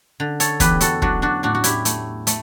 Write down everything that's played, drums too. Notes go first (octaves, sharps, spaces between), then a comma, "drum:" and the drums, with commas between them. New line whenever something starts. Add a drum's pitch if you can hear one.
D3
A4 C#5, drum: hi-hat
E2 G4 B4, drum: kick, hi-hat
F#4 A4, drum: hi-hat
F#3 D4 F#4, drum: kick
D4 F#4
A2 D4 F#4
F#4
E4 G4, drum: hi-hat
A3, drum: hi-hat
A3, drum: hi-hat